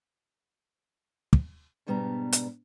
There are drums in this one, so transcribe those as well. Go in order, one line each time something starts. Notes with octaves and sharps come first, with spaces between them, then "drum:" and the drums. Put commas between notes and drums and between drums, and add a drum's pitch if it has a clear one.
drum: kick
G#2 B2 G3 B3 D4 A#5
drum: hi-hat